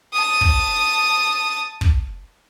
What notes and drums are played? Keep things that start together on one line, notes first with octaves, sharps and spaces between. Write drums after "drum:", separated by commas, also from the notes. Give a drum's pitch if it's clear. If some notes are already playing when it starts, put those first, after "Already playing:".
A5 D#6
drum: kick
drum: kick